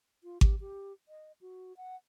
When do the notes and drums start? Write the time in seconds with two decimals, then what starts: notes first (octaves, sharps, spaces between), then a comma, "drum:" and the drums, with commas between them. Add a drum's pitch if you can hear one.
0.24 F4
0.41 G4, drum: kick G#1
0.60 G4
1.08 D#5
1.41 F#4
1.77 F#5